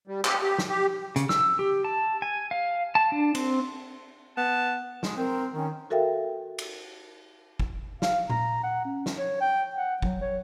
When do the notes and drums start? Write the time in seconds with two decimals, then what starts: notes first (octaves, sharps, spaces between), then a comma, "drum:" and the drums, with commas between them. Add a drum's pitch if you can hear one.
0.08 G3
0.25 G4, drum: clap
0.42 G4
0.58 drum: snare
0.69 G4
1.16 C#3, drum: hi-hat
1.29 E6, drum: snare
1.59 G4
1.84 A5
2.22 G#5
2.51 F5
2.95 A5
3.12 D4
3.35 C4, drum: cymbal
4.37 B3 A5
5.03 G#3, drum: snare
5.17 C4 A#4 C6
5.53 D#3 C#4
5.90 F#4 A4 A#4 E5 F5 G5
6.58 drum: cymbal
7.60 drum: kick
8.02 F5, drum: snare
8.30 A#5, drum: tom A#2
8.63 F#5
8.85 C#4
9.06 drum: snare
9.18 C#5
9.41 G5
9.76 F#5
10.02 F#3, drum: kick
10.21 C#5